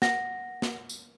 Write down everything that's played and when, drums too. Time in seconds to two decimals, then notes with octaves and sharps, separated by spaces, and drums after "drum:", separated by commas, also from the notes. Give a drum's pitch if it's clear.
0.02 F#5 A#6, drum: snare
0.62 drum: snare
0.89 drum: tambourine